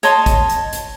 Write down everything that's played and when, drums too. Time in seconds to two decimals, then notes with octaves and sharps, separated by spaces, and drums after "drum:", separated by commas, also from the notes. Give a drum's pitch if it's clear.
0.03 C#5 D#5 A5 C6, drum: hi-hat
0.26 drum: kick, hi-hat
0.49 drum: hi-hat
0.73 drum: hi-hat